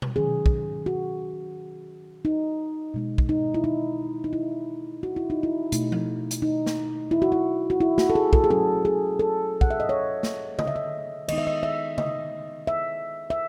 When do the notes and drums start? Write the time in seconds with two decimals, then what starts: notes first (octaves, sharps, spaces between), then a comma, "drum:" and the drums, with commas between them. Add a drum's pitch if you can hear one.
0.02 drum: tom B2
0.16 D#3 F#3 C#4 G#4
0.46 drum: kick
0.86 F#4
2.25 D#4
2.94 B2 G#3 D#4
3.18 drum: kick
3.29 D#4
3.54 E4
3.64 D#4
4.24 D#4
4.33 E4
5.03 F#4
5.16 E4
5.30 D#4
5.43 E4
5.72 B2 A3 D#4, drum: hi-hat
5.92 drum: tom F3
6.31 drum: hi-hat
6.42 D#4
6.66 drum: snare
7.11 E4
7.22 F#4
7.32 E4
7.70 F#4
7.81 E4
7.98 F#4, drum: snare
8.10 A4
8.15 G#4
8.33 A4, drum: kick
8.44 G#4
8.50 F#3 C#4 A4
8.85 G#4
9.19 A4
9.61 F#5, drum: kick
9.70 E5
9.80 D#5
9.89 C#5
10.23 drum: snare
10.59 D#5, drum: tom C#3
10.67 E5
10.76 D#5
11.28 D#3 G#3 B3 D#4 D#5, drum: cymbal
11.38 E5
11.47 D#5
11.63 E5
11.98 D#5, drum: tom C#3
12.67 E5
13.30 E5